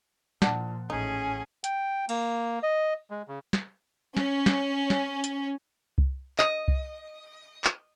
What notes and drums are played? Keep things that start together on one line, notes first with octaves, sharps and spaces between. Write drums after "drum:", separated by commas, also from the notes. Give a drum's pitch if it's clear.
A#2 F3 D4 F#5 A5, drum: snare
A1 C#4 D#4 G#4
G5, drum: hi-hat
A#3, drum: cymbal
D#5
G#3
C#3
drum: snare
C#4, drum: snare
drum: snare
drum: snare
drum: hi-hat
drum: kick C2
D#5, drum: clap
drum: kick C2
drum: clap